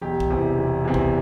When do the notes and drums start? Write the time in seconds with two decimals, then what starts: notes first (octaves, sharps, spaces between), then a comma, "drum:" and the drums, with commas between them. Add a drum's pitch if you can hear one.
0.01 E1 G4
0.20 drum: kick A#1
0.30 E2 C3 E3
0.57 E1
0.85 E2 C3 E3
0.94 drum: kick A#1